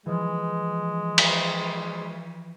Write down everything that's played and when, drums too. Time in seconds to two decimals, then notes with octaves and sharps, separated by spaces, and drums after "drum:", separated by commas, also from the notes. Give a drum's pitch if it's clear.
0.06 E3 F3 G#3
1.18 drum: cymbal